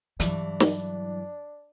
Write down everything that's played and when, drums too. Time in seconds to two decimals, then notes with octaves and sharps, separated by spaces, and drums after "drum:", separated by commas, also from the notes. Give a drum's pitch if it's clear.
0.20 G2 E3 F#3 D4, drum: hi-hat
0.60 drum: snare